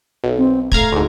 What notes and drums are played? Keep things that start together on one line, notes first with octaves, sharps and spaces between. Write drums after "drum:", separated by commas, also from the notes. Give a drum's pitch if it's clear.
B1
C4
A3 F5 A#5 G#6, drum: kick
D2 G#2